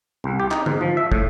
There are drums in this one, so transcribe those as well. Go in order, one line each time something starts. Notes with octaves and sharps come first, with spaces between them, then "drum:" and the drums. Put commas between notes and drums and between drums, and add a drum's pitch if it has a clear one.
C2
G4
D#4, drum: clap
G#2, drum: tom
F3
E5
A2, drum: kick